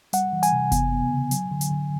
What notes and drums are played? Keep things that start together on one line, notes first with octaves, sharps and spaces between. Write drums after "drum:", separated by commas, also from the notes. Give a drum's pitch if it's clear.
G3 F#5, drum: hi-hat
E3
G#5, drum: hi-hat
C3
B3, drum: kick F#1, hi-hat
B3
C#3
F#3, drum: hi-hat
D3
drum: hi-hat
D3